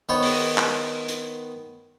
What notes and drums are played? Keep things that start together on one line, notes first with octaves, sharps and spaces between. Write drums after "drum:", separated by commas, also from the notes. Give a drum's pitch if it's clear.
D#3 B3 C5 C#5
drum: open hi-hat
drum: clap
drum: hi-hat